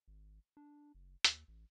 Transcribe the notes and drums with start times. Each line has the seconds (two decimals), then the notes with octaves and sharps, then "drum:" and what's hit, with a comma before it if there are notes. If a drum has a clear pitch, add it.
0.08 G#1
0.57 D4
0.95 F#1
1.24 D#2, drum: hi-hat
1.48 A1